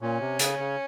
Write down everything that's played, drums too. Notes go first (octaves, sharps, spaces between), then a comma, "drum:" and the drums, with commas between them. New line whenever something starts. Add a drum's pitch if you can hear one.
A#2 C#4
C3
C#3, drum: hi-hat
C#3